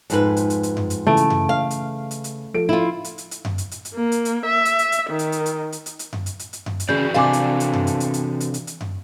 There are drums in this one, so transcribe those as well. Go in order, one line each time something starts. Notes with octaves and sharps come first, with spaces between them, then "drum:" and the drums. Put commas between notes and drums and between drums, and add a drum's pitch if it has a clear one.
F2 G#2 B4, drum: hi-hat
drum: hi-hat
drum: hi-hat
drum: hi-hat
drum: tom F#2
drum: hi-hat
C#3 E3 A3 D7
drum: hi-hat
drum: tom F#2
F5
drum: hi-hat
drum: hi-hat
drum: hi-hat
F3 A4 D7
E4 F4
drum: hi-hat
drum: hi-hat
drum: hi-hat
drum: tom F#2
drum: hi-hat
drum: hi-hat
drum: hi-hat
A#3
drum: hi-hat
drum: hi-hat
E5
drum: hi-hat
drum: hi-hat
drum: hi-hat
D#3
drum: hi-hat
drum: hi-hat
drum: hi-hat
drum: hi-hat
drum: hi-hat
drum: hi-hat
drum: tom F#2
drum: hi-hat
drum: hi-hat
drum: hi-hat
drum: tom F#2
drum: hi-hat
C#3 E3 F#4 D5 G6
C3 D4 A4 F5 G#5 D6
drum: hi-hat
drum: hi-hat
drum: tom F#2
drum: hi-hat
drum: hi-hat
drum: hi-hat
drum: hi-hat
drum: hi-hat
drum: hi-hat
drum: tom F#2